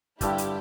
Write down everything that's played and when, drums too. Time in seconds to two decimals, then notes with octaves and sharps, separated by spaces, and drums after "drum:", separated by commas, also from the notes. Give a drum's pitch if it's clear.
0.21 G2 D3 G3 E4 G4, drum: kick, hi-hat
0.38 drum: hi-hat